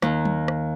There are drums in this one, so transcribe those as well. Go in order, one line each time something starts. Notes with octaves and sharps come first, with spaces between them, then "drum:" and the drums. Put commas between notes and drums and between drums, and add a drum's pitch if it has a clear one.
D#2, drum: rim click
drum: tom F#3
drum: rim click